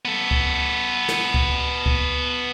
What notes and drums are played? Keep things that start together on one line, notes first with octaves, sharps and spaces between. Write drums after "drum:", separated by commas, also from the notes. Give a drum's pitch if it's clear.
B3 A4
drum: kick C#2
drum: snare
drum: kick C#2
drum: kick C#2